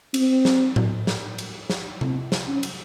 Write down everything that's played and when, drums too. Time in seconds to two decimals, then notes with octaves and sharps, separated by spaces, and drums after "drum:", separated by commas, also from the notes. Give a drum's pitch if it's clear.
0.14 C4, drum: cymbal
0.45 drum: snare
0.76 drum: tom A2
1.07 drum: snare
1.38 drum: cymbal
1.70 drum: snare
2.01 C4, drum: tom C3
2.32 drum: snare
2.48 C#4
2.63 drum: cymbal